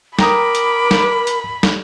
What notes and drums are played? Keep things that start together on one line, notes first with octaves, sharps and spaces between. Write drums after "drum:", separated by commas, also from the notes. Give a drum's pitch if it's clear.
A#4 G5 A#5 B5 D6 D#6, drum: snare
drum: hi-hat
drum: snare
drum: hi-hat
drum: snare